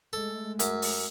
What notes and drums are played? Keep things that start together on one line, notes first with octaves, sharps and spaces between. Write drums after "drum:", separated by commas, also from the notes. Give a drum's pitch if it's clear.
G#3 A3 A4
F#2, drum: hi-hat
drum: open hi-hat